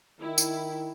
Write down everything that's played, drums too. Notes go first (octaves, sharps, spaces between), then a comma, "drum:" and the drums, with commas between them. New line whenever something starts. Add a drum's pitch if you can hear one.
D#3 E4
drum: tambourine